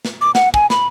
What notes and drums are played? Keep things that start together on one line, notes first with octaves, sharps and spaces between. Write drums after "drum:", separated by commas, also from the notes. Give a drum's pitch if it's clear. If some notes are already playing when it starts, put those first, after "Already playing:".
drum: snare
D6
F#5, drum: snare
G#5, drum: kick
B5, drum: snare